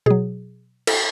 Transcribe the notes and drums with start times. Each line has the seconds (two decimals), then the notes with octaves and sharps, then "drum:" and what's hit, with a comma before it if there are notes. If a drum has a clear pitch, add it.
0.06 B2 F#3 G#4
0.87 A4, drum: cymbal